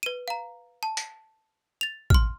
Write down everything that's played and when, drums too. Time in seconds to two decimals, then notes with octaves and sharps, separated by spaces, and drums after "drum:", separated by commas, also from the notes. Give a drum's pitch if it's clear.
0.03 B4 D#7
0.28 F5 A#5
0.83 A5
0.97 drum: hi-hat
1.81 A6 F7
2.10 C6 F6, drum: kick A1